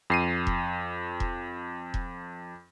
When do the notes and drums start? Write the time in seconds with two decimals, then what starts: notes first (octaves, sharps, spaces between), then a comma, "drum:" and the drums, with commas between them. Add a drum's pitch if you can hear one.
0.10 F2 C7 D#7
0.47 drum: kick E1
1.20 drum: kick E1
1.94 drum: kick E1